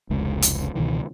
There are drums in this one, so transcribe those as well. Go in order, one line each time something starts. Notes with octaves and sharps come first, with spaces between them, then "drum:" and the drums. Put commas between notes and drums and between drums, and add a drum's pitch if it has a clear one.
F1 C#2 G#3
drum: hi-hat
C#2 B2 D#3 E3